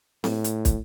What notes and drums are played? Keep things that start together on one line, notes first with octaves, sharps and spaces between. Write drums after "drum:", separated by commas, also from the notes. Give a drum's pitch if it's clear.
A2, drum: snare C4
drum: hi-hat
drum: kick, hi-hat